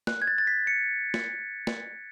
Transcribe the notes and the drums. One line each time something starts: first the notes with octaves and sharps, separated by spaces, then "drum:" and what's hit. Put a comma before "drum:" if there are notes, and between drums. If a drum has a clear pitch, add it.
F#6, drum: snare
G#6
A6
A6
B6
C#7
drum: snare
drum: snare